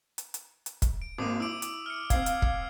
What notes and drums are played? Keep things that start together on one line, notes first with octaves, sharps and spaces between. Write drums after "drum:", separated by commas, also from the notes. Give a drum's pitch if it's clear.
drum: hi-hat
drum: hi-hat
drum: hi-hat
drum: kick, hi-hat
D7
G#1 A#3 D6 D#6 D#7
E4 D6 E6 D7
drum: hi-hat
F6 C#7
C4 F5 G#6 C7, drum: kick, hi-hat
drum: hi-hat
drum: kick